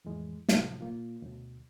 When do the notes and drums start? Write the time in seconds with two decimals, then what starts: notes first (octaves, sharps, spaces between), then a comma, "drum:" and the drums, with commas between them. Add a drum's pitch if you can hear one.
0.05 F2 A2 E3 G#3
0.49 F#2 A2 C3 F3, drum: snare
0.81 A#2 A#3 F4
1.22 D2 B2